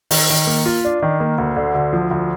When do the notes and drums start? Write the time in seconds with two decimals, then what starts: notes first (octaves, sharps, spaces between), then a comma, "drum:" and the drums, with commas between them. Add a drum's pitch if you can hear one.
0.11 D#3, drum: open hi-hat
0.30 D#3
0.47 A#3
0.66 F4
0.84 D4
1.02 D#3
1.20 A#3
1.38 D2
1.57 D3
1.75 D2
1.93 F3
2.11 D2